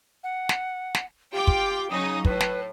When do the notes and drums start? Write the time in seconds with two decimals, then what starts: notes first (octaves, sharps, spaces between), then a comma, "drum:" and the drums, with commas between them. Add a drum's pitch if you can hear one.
0.24 F#5
0.49 drum: snare
0.95 drum: snare
1.33 F4 G4 G5 D6
1.47 drum: kick
1.91 C#3 F#3 D#4 D#6
2.25 A2 B4, drum: kick
2.40 drum: snare